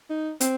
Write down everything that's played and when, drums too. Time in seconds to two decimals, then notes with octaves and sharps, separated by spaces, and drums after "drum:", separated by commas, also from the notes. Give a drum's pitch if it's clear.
0.10 D#4
0.41 C4, drum: hi-hat